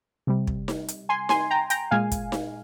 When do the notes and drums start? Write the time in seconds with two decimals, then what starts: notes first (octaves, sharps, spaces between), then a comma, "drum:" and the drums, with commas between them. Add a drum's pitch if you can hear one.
0.27 C3 G3
0.47 drum: kick
0.68 drum: snare D#4
0.88 drum: hi-hat
1.09 G#5 C6
1.29 G#5 C6, drum: snare D#4
1.50 G5 A#5
1.70 G5 A#5, drum: hi-hat
1.91 A#2 G#3 F5 G#5
2.12 drum: kick, hi-hat
2.32 drum: snare D#4